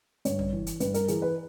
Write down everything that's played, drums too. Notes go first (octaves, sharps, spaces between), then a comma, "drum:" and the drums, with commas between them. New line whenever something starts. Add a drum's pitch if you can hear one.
G2 C#5, drum: hi-hat
drum: tom
E3
drum: hi-hat
G2 B4, drum: hi-hat
A#4, drum: hi-hat
E3 G#4, drum: hi-hat
B4